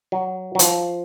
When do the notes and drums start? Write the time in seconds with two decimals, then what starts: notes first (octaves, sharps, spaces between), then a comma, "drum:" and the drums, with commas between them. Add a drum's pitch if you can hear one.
0.12 F#3
0.55 F#3
0.59 F3, drum: hi-hat